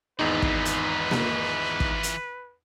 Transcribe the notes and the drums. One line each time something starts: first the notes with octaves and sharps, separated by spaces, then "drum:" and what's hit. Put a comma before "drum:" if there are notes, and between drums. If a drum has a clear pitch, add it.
G#1 E2 E3 D#4 F4 B4
drum: kick
drum: hi-hat
drum: snare A#3
drum: kick
drum: hi-hat